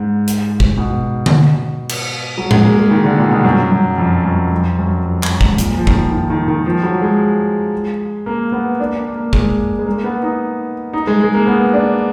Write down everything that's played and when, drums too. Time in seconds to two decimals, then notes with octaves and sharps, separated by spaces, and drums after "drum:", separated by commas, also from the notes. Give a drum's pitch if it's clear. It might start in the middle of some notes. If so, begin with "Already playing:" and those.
Already playing: G#2
0.28 drum: hi-hat
0.60 drum: kick
0.77 B2
1.26 drum: tom D3
1.89 drum: cymbal
2.38 F#3
2.51 G#3, drum: tom A2
2.65 A#3
2.78 G#3
2.91 D#3
3.05 D3
3.18 A#2
3.31 B2
3.44 F#2
3.71 F#2
3.98 F2
4.25 F#2
4.52 F2
4.79 F#2
5.06 F2
5.23 F#2, drum: clap
5.41 G#2, drum: kick
5.58 A#2, drum: hi-hat
5.77 F3
5.87 D#3, drum: kick
5.95 F3
6.12 D#3
6.30 D#3
6.48 D#3
6.66 F3
6.83 F#3
7.02 G#3
8.26 A#3
8.52 B3
8.80 D4
8.97 A#3
9.16 A#3
9.33 G#3, drum: kick
9.79 G#3
9.86 A#3
10.04 B3
10.23 D#4
10.93 D#4
11.07 G#3
11.20 G#3
11.34 A#3
11.47 B3
11.74 D4